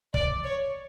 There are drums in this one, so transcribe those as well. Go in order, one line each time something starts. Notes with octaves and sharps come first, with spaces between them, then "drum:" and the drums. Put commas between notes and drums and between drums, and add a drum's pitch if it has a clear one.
D5, drum: kick
C#5